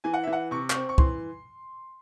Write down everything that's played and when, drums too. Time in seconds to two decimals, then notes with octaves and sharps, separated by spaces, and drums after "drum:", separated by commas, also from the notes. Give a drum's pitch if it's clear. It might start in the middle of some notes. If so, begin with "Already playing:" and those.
0.04 E3 G#5
0.14 F#5
0.23 E3 E5
0.33 F#5
0.51 C3 C#6
0.70 C#6, drum: clap
0.75 C4
0.89 C#6
0.98 E3 C6, drum: kick